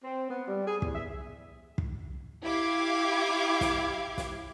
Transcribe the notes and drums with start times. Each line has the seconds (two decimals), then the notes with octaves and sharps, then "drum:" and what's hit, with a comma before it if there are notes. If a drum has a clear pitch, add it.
0.04 C4
0.30 B3
0.47 G3
0.68 G#4
0.82 E2, drum: kick
0.94 E5
1.78 drum: kick
2.44 E4 G4 F5 D6 G#6
3.61 drum: snare
4.18 drum: snare